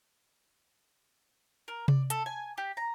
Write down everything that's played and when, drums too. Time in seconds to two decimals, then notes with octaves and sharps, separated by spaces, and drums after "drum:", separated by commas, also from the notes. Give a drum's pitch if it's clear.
1.68 A#4
1.88 D5, drum: tom C3
2.10 A4, drum: hi-hat
2.26 G#5
2.58 G4
2.77 A#5